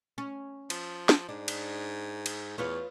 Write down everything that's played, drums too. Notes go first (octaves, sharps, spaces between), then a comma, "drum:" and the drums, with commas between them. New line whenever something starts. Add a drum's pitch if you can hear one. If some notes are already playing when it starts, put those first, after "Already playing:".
C#4
F3, drum: cymbal
drum: snare
G#2 D4
drum: cymbal
drum: cymbal
E2 F4 B4 C#5